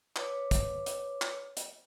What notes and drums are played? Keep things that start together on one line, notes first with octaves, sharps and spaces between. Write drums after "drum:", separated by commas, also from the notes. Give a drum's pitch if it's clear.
B4 C#5 D6, drum: clap
drum: kick, hi-hat
drum: hi-hat
drum: clap
drum: hi-hat